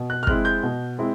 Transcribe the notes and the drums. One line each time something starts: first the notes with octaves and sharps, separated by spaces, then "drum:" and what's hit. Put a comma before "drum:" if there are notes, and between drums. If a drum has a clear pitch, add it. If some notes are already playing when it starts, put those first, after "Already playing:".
Already playing: B2
F#6
F6
G#3 C4 E4 F#6, drum: kick
G6
B2
G#3 C4 E4